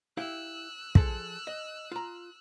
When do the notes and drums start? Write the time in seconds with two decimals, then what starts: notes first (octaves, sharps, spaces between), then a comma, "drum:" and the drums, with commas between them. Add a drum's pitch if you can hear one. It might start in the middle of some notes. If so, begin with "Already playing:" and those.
0.17 E4 G4 F5 E6 F#6
0.95 F3 G#4 A4, drum: kick
1.47 D#5
1.92 F4 A#5